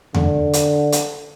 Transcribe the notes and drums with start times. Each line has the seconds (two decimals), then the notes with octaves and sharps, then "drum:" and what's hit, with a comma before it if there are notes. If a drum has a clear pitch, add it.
0.14 D3, drum: tom E2
0.53 drum: hi-hat
0.92 drum: hi-hat